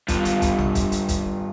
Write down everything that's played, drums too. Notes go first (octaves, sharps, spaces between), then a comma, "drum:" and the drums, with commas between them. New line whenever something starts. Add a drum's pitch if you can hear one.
G2 F4, drum: kick, hi-hat
drum: hi-hat
drum: kick, hi-hat
drum: tom A#1
drum: kick, hi-hat
drum: hi-hat
drum: kick, hi-hat